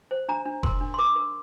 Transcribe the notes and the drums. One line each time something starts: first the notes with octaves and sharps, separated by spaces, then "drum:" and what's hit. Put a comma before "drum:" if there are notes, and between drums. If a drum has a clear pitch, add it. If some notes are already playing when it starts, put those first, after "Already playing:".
C5
D4 A#5
D4
A#4 C6, drum: kick F1
D4
C6
A#4 D6
A#4